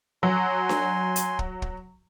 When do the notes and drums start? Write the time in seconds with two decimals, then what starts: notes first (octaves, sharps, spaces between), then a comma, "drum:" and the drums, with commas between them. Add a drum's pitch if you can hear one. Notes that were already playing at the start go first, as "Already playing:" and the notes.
0.23 F#3 G#5 C6
0.69 drum: snare D4
1.16 drum: hi-hat
1.39 drum: kick
1.62 drum: kick